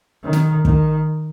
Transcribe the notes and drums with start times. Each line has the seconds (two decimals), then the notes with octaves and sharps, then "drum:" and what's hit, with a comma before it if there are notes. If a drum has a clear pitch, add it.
0.23 D#3
0.33 drum: snare
0.65 D#3, drum: kick